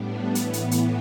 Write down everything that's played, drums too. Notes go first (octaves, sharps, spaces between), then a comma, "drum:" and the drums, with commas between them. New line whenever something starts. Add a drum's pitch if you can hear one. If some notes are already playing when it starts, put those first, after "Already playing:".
Already playing: A2 G3 B3 D4
A2 E3 B3, drum: hi-hat
drum: hi-hat
drum: hi-hat